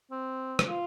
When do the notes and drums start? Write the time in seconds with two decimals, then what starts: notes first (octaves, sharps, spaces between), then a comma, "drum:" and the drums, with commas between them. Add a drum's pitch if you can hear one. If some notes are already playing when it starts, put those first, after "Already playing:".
0.11 C4
0.59 drum: rim click
0.68 F4